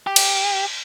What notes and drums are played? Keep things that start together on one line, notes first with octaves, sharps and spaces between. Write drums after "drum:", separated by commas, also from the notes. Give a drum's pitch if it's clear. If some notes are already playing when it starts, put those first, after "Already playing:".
G4
drum: cymbal